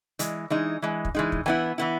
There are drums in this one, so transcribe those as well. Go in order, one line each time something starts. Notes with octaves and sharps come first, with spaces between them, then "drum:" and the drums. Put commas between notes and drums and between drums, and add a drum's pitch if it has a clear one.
E3 G#3, drum: hi-hat
E3 G#3 D#4
E3 G#3
drum: kick
E3 G#3 D#4
drum: kick
E3 B3 E4 G#5
E3 B3 E4